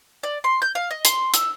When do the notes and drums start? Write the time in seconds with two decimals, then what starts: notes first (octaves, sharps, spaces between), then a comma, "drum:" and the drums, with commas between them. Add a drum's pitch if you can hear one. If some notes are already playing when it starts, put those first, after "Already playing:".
0.23 D5
0.44 C6
0.62 G6
0.75 F5
0.91 D#5
1.05 C6, drum: hi-hat
1.34 E6, drum: hi-hat